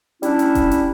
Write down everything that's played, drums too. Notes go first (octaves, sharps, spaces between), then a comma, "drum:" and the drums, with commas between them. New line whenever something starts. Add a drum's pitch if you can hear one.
G3 C#4 D4 E4, drum: hi-hat
drum: hi-hat
drum: kick E1, hi-hat
drum: hi-hat